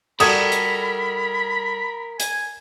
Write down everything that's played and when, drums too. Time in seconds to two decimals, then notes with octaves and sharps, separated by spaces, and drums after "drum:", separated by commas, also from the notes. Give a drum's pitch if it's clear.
0.20 G3 F#4 A4 A#4 B5 D#6 G#6, drum: cymbal
0.52 drum: hi-hat
2.20 G#5, drum: hi-hat